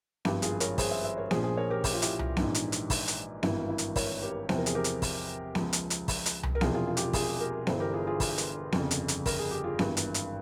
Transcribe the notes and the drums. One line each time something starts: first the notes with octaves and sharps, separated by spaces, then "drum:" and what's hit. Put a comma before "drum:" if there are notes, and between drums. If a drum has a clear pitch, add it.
G#1 G2 F3 E4 G4, drum: snare B3
F4 G#4, drum: hi-hat
A#4 C#5, drum: hi-hat
G#4 C5, drum: kick, open hi-hat
C5 E5
C5 E5
A#4 C#5
A#1 A#2 F3 G#4 C5, drum: snare B3
G#4 C5
A#4 C#5
G4 A#4
G4, drum: kick, open hi-hat
F4
E4 G4, drum: hi-hat
drum: tom C2
A#1 G#2 E3, drum: snare B3
drum: hi-hat
drum: hi-hat
drum: kick, open hi-hat
drum: hi-hat
G#1 G2 E3 E4, drum: snare B3
E4
drum: hi-hat
A#4 C#5, drum: kick, open hi-hat
G4 A#4
E2 C3 F3 C5, drum: snare B3
A#4
G#4, drum: hi-hat
G4 A#4
drum: hi-hat
drum: kick, open hi-hat
C#2 C#3 F3, drum: snare B3
drum: hi-hat
drum: hi-hat
drum: kick, open hi-hat
drum: hi-hat
drum: tom C2
A#4
E1 E2 C3 F3 F4 G#4, drum: snare B3
F4 G#4
F4
G4, drum: hi-hat
F4
F4 G#4, drum: kick, open hi-hat
G4 A#4
G1 G2 E3 G#4 C5, drum: snare B3
G4 A#4
F4 G#4
F4 G#4
drum: kick, open hi-hat
drum: hi-hat
G1 F2 C#3, drum: snare B3
drum: hi-hat
drum: hi-hat
A#4, drum: kick, open hi-hat
G#4
G4
F4 G#4
G#1 G2 E3, drum: snare B3
drum: hi-hat
drum: hi-hat